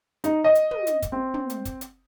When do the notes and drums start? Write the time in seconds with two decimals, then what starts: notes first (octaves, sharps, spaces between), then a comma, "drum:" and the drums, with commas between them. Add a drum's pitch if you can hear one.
0.24 D#4, drum: hi-hat
0.44 D#5
0.55 drum: hi-hat
0.71 drum: tom
0.87 drum: hi-hat
1.02 drum: kick, hi-hat
1.12 C4
1.34 drum: tom
1.50 drum: hi-hat
1.65 drum: kick, hi-hat
1.81 drum: hi-hat